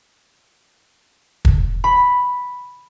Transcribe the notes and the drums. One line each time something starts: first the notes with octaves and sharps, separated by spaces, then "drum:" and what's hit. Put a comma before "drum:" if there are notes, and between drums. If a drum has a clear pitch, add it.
drum: kick
B5